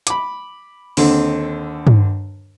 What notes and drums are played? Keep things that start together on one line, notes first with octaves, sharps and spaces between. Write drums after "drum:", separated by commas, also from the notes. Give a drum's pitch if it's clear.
B5 D6, drum: hi-hat
D#2 D3 C4, drum: open hi-hat
drum: tom